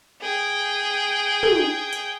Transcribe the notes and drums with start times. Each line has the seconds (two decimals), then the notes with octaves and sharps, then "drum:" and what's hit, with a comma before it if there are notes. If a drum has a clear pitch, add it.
0.22 G#4 G5
1.43 drum: tom
1.93 drum: hi-hat